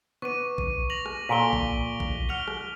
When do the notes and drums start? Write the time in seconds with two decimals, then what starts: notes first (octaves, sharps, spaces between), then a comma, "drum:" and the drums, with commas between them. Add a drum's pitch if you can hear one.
0.22 B3 C#6 D6 D#7
0.58 drum: kick A#1
0.90 A#6 F7 F#7
1.06 drum: rim click
1.29 A#2 A4 B6 D7 G7
1.53 drum: kick A#1
2.00 drum: kick A#1
2.29 F#5 F6 F7 G7
2.48 drum: rim click